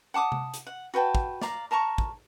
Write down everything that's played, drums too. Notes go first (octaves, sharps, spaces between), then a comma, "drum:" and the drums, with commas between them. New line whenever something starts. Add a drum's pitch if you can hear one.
F#5 A5 D6 D#6
drum: tom C3
drum: hi-hat
F#5
F#4 B4 G5 A5
drum: kick
D5 F5 A#5, drum: snare
A#4 A5 A#5 C#6
drum: kick